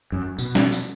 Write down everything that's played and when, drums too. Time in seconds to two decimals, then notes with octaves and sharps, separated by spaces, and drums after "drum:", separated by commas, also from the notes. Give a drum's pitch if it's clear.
0.12 F#2
0.38 B2, drum: tambourine
0.55 drum: snare
0.72 drum: tambourine